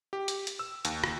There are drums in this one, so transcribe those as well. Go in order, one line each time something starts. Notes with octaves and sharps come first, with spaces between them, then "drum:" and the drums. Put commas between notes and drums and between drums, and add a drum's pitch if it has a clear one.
G4
drum: hi-hat
drum: hi-hat
E6
D#2, drum: hi-hat
drum: rim click